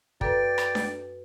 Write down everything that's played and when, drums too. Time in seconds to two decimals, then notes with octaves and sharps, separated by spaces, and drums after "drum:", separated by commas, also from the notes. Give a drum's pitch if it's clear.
0.21 F#2 A4 B4 D5 G5, drum: kick
0.58 drum: rim click
0.75 drum: snare D4